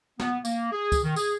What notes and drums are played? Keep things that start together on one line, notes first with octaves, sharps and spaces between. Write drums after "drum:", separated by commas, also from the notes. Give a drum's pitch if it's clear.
B3, drum: snare
A#3, drum: tambourine
G#4
drum: kick C#2, tambourine
D#3
G#4, drum: tambourine